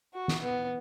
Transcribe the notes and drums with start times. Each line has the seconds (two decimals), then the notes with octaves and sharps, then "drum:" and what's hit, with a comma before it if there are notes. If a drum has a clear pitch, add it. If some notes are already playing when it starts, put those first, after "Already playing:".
0.14 F#4
0.28 drum: snare
0.42 B3